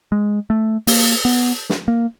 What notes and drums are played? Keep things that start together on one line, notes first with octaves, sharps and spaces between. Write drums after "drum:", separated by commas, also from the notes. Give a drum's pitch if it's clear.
G#3
A3
A#3, drum: open hi-hat
B3
drum: snare
A#3